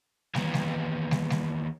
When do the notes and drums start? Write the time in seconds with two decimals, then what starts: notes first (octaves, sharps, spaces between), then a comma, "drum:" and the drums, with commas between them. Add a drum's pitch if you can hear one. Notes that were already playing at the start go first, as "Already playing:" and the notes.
0.35 D#2 E3, drum: snare
0.54 drum: snare
1.11 drum: snare
1.30 drum: snare